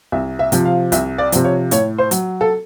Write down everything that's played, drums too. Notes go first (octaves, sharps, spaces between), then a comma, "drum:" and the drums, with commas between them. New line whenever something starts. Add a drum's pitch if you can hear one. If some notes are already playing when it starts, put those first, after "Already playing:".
C2 E5
E5
C3 F3, drum: hi-hat
F5
C2 E5, drum: hi-hat
D5
C3 F3, drum: hi-hat
C#5
A2 C#5, drum: hi-hat
C5
F#3, drum: hi-hat
A4